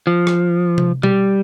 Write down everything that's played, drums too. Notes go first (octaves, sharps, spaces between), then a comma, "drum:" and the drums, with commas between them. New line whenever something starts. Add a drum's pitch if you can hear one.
F3
drum: rim click
drum: tom C3
G3, drum: tom B2